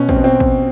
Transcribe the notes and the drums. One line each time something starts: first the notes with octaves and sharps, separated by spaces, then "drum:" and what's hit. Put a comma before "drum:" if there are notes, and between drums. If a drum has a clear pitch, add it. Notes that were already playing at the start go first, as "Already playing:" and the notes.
Already playing: B2 C#4
C4, drum: kick
B2
C4
drum: kick